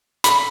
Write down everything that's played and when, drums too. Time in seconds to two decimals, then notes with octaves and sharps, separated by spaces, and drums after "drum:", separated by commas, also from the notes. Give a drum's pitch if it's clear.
0.24 B5, drum: hi-hat